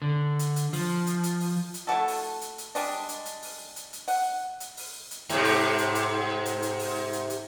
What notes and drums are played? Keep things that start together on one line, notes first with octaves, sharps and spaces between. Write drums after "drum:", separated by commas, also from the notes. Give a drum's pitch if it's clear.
D3
drum: hi-hat
drum: hi-hat
F3, drum: open hi-hat
drum: hi-hat
drum: hi-hat
drum: open hi-hat
drum: hi-hat
A3 E4 F#4 A4
drum: open hi-hat
drum: hi-hat
drum: hi-hat
G3 G#3 D4, drum: open hi-hat
drum: hi-hat
drum: hi-hat
drum: open hi-hat
drum: hi-hat
drum: hi-hat
F#5, drum: open hi-hat
drum: hi-hat
drum: open hi-hat
drum: hi-hat
G#2 C3, drum: hi-hat
drum: open hi-hat
drum: hi-hat
drum: hi-hat
drum: hi-hat
drum: hi-hat
drum: open hi-hat
drum: hi-hat
drum: hi-hat